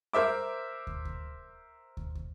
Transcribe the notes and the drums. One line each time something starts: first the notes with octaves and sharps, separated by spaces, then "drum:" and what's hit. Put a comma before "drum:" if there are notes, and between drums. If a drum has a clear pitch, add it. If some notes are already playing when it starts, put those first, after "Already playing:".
A#4 C5 E5 D6
drum: kick
drum: kick
drum: kick
drum: kick